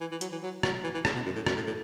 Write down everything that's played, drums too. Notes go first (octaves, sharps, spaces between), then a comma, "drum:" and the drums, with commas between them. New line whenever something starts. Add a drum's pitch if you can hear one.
E3
E3
F#3, drum: hi-hat
E3
F#3
F#3, drum: rim click
E3
E3
C#3, drum: rim click
B2
F#2
A2
F#2, drum: rim click
A2
A2